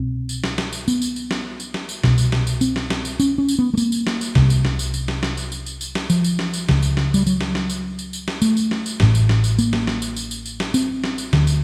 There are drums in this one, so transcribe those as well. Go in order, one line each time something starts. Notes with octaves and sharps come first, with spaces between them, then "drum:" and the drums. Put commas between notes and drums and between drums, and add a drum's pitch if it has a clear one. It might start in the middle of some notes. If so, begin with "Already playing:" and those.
Already playing: C2 B2 C4
drum: tambourine
drum: snare
drum: snare
drum: tambourine
B3, drum: tambourine
drum: tambourine
drum: tambourine
drum: snare
drum: tambourine
drum: snare
drum: tambourine
C2 B2, drum: snare
drum: tambourine
drum: snare
drum: tambourine
C4, drum: tambourine
drum: snare
drum: snare
drum: tambourine
C#4, drum: tambourine
C#4
drum: tambourine
B3
A3
A#3, drum: tambourine
drum: tambourine
drum: snare
drum: tambourine
C2 C3, drum: snare
drum: tambourine
drum: snare
drum: tambourine
drum: tambourine
drum: snare
drum: snare
drum: tambourine
drum: tambourine
drum: tambourine
drum: tambourine
drum: snare
F3, drum: tambourine
drum: tambourine
drum: snare
drum: tambourine
C#2 C#3, drum: snare
drum: tambourine
drum: snare
G3, drum: tambourine
F#3, drum: tambourine
drum: snare
drum: snare
drum: tambourine
drum: tambourine
drum: tambourine
drum: snare
A3, drum: tambourine
drum: tambourine
drum: snare
drum: tambourine
A1 A2, drum: snare
drum: tambourine
drum: snare
drum: tambourine
A#3, drum: tambourine
drum: snare
drum: snare
drum: tambourine
drum: tambourine
drum: tambourine
drum: tambourine
drum: snare
C4, drum: tambourine
drum: snare
drum: tambourine
D2 D3, drum: snare
drum: tambourine